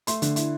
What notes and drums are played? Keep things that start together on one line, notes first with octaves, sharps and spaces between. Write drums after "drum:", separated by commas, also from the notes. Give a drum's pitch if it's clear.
A3 C6, drum: hi-hat
D3, drum: hi-hat
E4, drum: hi-hat